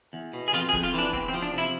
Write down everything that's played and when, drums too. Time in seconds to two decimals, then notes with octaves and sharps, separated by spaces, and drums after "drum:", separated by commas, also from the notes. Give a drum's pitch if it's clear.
0.13 E2
0.33 B2
0.48 G#4
0.53 F2 F4, drum: hi-hat
0.69 G#4
0.73 F2, drum: kick
0.83 F4
0.93 E3, drum: hi-hat
0.98 D4
1.13 E2 C4, drum: kick
1.28 C4
1.34 F3
1.42 D4
1.53 C3 E4